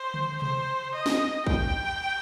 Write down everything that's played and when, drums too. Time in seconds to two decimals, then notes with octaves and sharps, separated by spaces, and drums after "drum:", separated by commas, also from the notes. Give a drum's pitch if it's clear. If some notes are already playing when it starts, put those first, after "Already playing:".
Already playing: C5
0.14 drum: tom D3
0.42 C5, drum: tom C3
0.95 D#5
1.06 drum: snare
1.47 G5, drum: kick